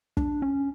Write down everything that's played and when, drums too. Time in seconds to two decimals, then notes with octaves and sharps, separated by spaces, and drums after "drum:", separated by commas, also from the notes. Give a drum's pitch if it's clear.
0.17 D4, drum: kick
0.42 C#4